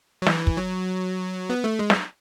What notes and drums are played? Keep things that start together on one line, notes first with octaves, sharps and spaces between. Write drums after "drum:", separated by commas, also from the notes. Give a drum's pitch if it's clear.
F#3
E3, drum: snare
drum: kick
F#3
B3
A3
G#3
drum: snare